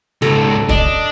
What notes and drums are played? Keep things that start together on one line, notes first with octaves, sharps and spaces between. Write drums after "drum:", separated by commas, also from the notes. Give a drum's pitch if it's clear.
C#2 G#2 A4 A#5
D4 D#5, drum: kick